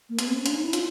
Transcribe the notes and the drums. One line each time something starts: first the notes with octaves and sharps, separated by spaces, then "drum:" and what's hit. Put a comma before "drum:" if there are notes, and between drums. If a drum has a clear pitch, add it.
A#3
B3, drum: hi-hat
C4
C#4
D4, drum: hi-hat
D#4
E4
F4, drum: hi-hat